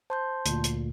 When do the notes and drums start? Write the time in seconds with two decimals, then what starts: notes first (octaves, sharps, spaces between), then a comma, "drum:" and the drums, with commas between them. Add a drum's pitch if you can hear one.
0.10 C5 A5 C6 G6
0.46 D2 A#2, drum: hi-hat
0.64 drum: hi-hat